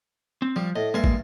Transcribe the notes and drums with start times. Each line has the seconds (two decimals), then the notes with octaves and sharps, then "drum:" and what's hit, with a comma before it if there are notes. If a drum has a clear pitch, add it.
0.42 C4
0.56 F3 G3
0.76 A2 D#5
0.94 G2 G#3 A#3 E5
1.04 drum: kick